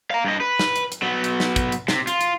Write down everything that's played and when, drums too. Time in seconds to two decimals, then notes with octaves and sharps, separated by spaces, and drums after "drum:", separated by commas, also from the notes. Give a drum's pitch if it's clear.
0.11 F5 A#5
0.25 G2 D#5
0.40 B4
0.59 drum: snare
0.76 drum: hi-hat
0.92 drum: hi-hat
1.02 F#3 B3
1.24 drum: hi-hat
1.40 drum: snare
1.56 drum: kick, hi-hat
1.72 drum: hi-hat
1.88 C3, drum: snare
2.07 F4, drum: hi-hat
2.21 drum: hi-hat